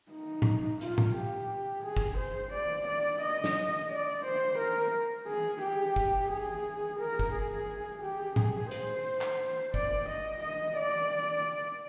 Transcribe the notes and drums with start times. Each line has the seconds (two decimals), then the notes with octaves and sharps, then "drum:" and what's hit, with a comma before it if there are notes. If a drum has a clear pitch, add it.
0.12 D#4
0.42 drum: tom A2
0.81 F4, drum: hi-hat
0.98 drum: tom A2
1.15 G4
1.84 G#4
1.97 drum: kick G1
2.18 C5
2.53 D5
2.87 D5
3.21 D#5
3.44 drum: snare
3.90 D5
4.25 C5
4.59 A#4
5.27 G#4
5.62 G4
5.96 drum: kick G1
6.30 G#4
7.00 A#4
7.19 drum: kick G1
7.34 G#4
8.02 G4
8.36 G#4, drum: tom A2
8.71 C5, drum: hi-hat
9.21 drum: clap
9.74 D5, drum: kick G1
10.08 D#5
10.43 D#5
10.77 D5